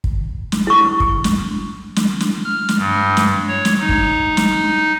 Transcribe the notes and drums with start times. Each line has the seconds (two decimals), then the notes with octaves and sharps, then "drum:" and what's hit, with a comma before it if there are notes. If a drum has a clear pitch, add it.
0.04 drum: kick
0.52 drum: snare
0.67 E4 C#6
1.00 drum: kick
1.24 drum: snare
1.96 drum: snare
2.20 drum: snare
2.45 F6
2.69 drum: snare
2.78 G2
3.17 drum: snare
3.48 C#5
3.65 drum: snare
3.80 D#4
3.89 drum: kick
4.37 drum: snare